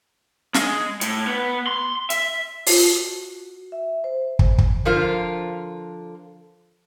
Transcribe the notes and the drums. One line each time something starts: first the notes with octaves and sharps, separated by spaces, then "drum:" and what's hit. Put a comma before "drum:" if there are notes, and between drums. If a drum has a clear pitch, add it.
G#3, drum: snare
A2, drum: hi-hat
B3
C6
E5, drum: hi-hat
F4, drum: open hi-hat
F#4
E5
C5
drum: kick
drum: kick
D3 F3 F4 A#4 C5